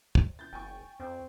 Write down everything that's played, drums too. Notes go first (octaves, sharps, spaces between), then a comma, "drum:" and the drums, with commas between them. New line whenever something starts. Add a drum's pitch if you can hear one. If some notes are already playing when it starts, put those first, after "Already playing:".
drum: kick
G6 A6
F#1 G5 G#5 C#6
F2 C4